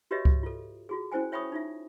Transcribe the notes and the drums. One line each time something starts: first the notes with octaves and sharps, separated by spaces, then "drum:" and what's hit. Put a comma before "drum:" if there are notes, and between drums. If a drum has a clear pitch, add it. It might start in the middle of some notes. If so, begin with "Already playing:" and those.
F#4 G4 B4 C#5 D#5 E5
drum: kick C#2
F4 A4
F4 F#4 G#4
C#4 E4 C5 G5 G#5
C#5 E5 G5 B5 C#6 D#6
D#4 F4 E5